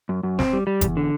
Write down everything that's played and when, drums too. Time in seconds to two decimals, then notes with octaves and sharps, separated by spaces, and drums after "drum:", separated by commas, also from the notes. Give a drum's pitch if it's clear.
0.09 F#2
0.23 F#2
0.39 C4, drum: snare
0.53 G3
0.67 G3
0.81 E2, drum: kick F#1, hi-hat
0.97 D3